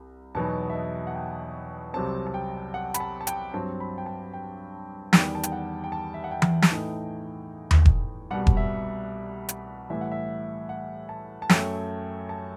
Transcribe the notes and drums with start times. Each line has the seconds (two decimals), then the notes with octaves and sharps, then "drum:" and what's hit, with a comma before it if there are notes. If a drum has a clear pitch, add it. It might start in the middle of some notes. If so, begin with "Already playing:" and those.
Already playing: C2
0.35 E2 B2 F#3 B3 D#4 A5
0.70 E5
0.74 D#5
1.07 F#5
1.15 G5
1.94 C2 C3 F#3 C4 A5
2.27 A5
2.34 G5
2.74 F#5
2.94 B5, drum: hi-hat
3.00 A5
3.21 A5
3.27 G5, drum: hi-hat
3.53 G2 F#3 C4 A5
3.80 B5
3.98 G5
4.06 A5
4.34 G5
5.13 E2 D#3 G3 G5, drum: snare
5.35 A5
5.43 G5, drum: hi-hat
5.52 F#5
5.84 G5
5.92 A5
6.14 E5
6.24 F#5
6.31 G5
6.42 drum: tom E3
6.62 drum: snare
6.72 A2 E3 A3 D#4
7.71 drum: tom D#2
7.85 drum: kick E1
8.30 C2 B2 G3 F#5
8.47 drum: kick E1
8.57 E5
9.49 drum: hi-hat
9.90 A2 E3 G3 E5
10.01 F#5
10.12 E5
10.69 F#5
11.09 A5
11.42 A5
11.49 F#2 F#3 A3 G5, drum: snare
12.29 A5